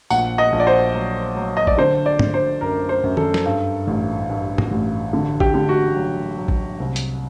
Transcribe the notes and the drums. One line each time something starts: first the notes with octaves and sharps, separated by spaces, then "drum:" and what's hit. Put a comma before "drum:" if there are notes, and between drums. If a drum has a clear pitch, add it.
A#1 F#5, drum: tambourine
D#5
A#1
D5
C5
F#3
F#3
D#5
D5, drum: kick A1
D3 C5
D5
D3, drum: tom
C5
F#2 A#4
C5
F#2
A4, drum: tom
drum: snare
G2
A1
G2
drum: tom
A1
D3
G4, drum: kick A1
D3
F#4
F#3
F#3
drum: kick A1
C2
drum: hi-hat